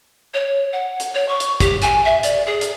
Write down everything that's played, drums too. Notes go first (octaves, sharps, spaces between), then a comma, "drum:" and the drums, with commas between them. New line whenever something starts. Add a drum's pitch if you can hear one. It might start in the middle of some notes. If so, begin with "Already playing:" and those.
C#5
F#5
drum: hi-hat
C#5
C#6
drum: hi-hat
G4, drum: kick, hi-hat
G#5, drum: hi-hat
E5
D5, drum: hi-hat
G#4
drum: hi-hat